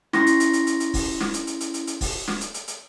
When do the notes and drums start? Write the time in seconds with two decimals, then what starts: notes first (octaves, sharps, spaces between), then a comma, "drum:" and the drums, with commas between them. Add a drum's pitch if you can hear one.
0.13 C#4 E4 C6 C#6 A#6, drum: snare
0.27 drum: hi-hat
0.40 drum: hi-hat
0.53 drum: hi-hat
0.67 drum: hi-hat
0.80 drum: hi-hat
0.94 drum: kick, open hi-hat
1.20 drum: snare
1.34 drum: hi-hat
1.47 drum: hi-hat
1.61 drum: hi-hat
1.74 drum: hi-hat
1.87 drum: hi-hat
2.01 drum: kick, open hi-hat
2.28 drum: snare
2.41 drum: hi-hat
2.54 drum: hi-hat
2.68 drum: hi-hat